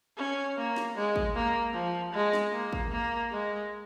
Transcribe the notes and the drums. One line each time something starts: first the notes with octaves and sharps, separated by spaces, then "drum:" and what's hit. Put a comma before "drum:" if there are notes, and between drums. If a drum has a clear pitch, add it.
C#4
A#3
drum: snare
G#3
drum: kick
A#3
F3
G#3
drum: snare
A#3
drum: kick
A#3
G#3